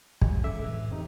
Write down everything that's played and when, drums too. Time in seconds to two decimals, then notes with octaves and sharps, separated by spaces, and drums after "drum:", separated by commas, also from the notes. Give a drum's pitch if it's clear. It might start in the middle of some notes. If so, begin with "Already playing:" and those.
0.21 G#3, drum: kick
0.44 C#3 A4 E5 D6
0.62 F2 A2 E3
0.91 C4 D#4 G4